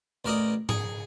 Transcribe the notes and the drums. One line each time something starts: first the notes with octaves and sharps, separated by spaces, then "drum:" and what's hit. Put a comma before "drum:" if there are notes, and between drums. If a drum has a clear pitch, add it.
A1 A#4 D5 D#5
G#4, drum: tom G#2